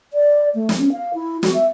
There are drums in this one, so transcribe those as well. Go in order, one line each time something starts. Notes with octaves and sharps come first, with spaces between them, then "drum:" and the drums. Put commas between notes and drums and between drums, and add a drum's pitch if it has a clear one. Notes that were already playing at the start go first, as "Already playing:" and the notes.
D5
A3
drum: snare
C#4
F5
E4
F#4, drum: snare
E5